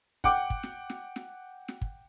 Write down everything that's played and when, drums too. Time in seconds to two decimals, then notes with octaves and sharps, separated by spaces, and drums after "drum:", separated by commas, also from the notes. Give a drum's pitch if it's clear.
0.24 F#5 G5 D6, drum: kick
0.50 drum: kick
0.63 drum: snare
0.90 drum: snare
1.16 drum: snare
1.68 drum: snare
1.81 drum: kick